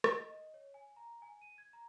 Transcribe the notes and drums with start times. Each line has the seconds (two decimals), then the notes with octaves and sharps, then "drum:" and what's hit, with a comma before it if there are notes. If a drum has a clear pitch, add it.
0.04 drum: rim click
0.18 D#5
0.30 D#5
0.54 C#5
0.74 G#5
0.96 A#5
1.22 G#5
1.42 D#7
1.58 G#6
1.73 A#5